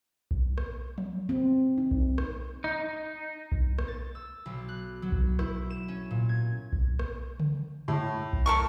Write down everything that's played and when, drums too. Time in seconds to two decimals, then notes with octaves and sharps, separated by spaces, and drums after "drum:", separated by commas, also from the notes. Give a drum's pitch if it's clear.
0.31 drum: kick B1
0.58 drum: rim click
0.98 drum: tom F3
1.29 C4
1.78 D#4
1.91 drum: kick B1
2.18 drum: rim click
2.64 D#4
3.52 drum: kick B1
3.79 drum: rim click
3.88 A6
4.15 E6
4.46 B1
4.69 F#6
5.02 F#3
5.12 drum: kick B1
5.39 E4, drum: rim click
5.70 E7
5.88 C#4
6.11 A#2
6.29 G#6
6.73 drum: kick B1
6.99 drum: rim click
7.40 drum: tom C#3
7.88 A2
8.33 drum: kick B1
8.46 A4 A#4 C#6